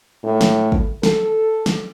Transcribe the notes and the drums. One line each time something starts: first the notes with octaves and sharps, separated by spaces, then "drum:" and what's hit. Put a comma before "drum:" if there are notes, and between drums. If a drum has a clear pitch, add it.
A2
drum: snare
drum: kick
A4, drum: snare
drum: snare